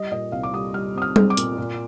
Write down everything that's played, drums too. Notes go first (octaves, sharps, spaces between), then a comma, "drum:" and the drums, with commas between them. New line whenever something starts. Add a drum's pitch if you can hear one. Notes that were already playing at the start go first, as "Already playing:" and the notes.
Already playing: G3 D#5
A#2 D#5
C2 F5
D6
G3 D#6
G3 F6
C4 D#6
F6
C4, drum: tom G3
D6
A#2, drum: hi-hat
A#2